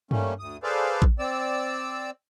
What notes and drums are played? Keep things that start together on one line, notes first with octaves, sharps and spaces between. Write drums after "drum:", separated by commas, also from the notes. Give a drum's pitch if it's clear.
G3 A3 A#3 C#4, drum: tom G2
D2 D#6
G#4 A4 B4 C5 D5 F5
drum: kick A1
C4 D5 E6